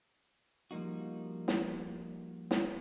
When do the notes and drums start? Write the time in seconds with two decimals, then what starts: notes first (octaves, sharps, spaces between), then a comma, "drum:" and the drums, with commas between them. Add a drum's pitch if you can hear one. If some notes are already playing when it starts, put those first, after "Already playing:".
0.71 F3 G3 A#3 D#4 F#4
1.48 drum: snare
2.51 drum: snare